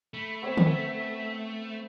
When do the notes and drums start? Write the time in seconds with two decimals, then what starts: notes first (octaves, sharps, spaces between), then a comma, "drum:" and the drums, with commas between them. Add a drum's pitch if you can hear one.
0.14 A3 B5
0.42 B3 C4 C#5 E5
0.57 drum: tom D3